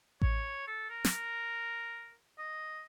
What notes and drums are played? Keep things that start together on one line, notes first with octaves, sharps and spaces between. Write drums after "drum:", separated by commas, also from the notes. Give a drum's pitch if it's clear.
C#5, drum: kick A1
A4
A#4
drum: snare
D#5